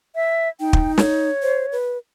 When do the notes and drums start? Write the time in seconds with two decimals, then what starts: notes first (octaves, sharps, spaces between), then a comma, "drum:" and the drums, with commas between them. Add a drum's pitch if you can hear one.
0.16 E5
0.60 D#4 G5
0.73 drum: kick
0.98 C#5, drum: snare
1.42 C5
1.72 B4